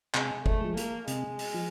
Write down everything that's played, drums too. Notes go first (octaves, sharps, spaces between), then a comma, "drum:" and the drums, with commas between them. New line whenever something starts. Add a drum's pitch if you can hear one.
C3 G#3, drum: clap
A3, drum: kick
F3 G#3
A#3, drum: hi-hat
C3 G#3, drum: hi-hat
drum: open hi-hat
F3